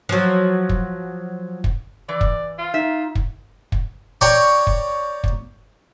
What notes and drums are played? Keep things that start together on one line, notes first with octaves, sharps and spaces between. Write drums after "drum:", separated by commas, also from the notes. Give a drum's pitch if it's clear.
F3 F#3
drum: kick
drum: kick
E3 D5
drum: kick
F4
D#4 E5
drum: kick
drum: kick
C#5 D5 G5 A#5
drum: kick
drum: kick